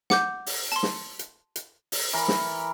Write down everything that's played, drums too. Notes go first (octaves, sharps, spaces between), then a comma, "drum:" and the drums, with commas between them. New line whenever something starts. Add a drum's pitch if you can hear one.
F#5 D6 G6, drum: snare
drum: open hi-hat
A5 C6
drum: snare
drum: hi-hat
drum: hi-hat
drum: open hi-hat
E3 A#4
drum: snare